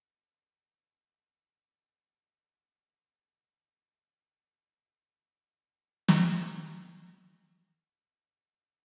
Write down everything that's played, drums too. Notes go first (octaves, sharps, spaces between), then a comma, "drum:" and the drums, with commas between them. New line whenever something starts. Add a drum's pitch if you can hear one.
C6
D4
E3
C#6
G#4
D#5
C4
C4
G#4
F4
E5
G4
A#4 G#5 A#5
drum: snare
A3 B4 A#5